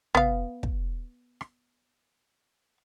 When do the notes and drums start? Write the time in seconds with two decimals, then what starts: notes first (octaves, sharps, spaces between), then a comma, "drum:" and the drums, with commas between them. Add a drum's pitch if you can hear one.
0.15 B3 F5, drum: tom
0.63 drum: kick
1.41 drum: rim click